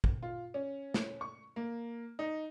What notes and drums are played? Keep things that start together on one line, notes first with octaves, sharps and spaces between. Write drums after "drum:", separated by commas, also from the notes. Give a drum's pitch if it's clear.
drum: kick
F4
C#4
drum: snare
C#6
A#3
D#4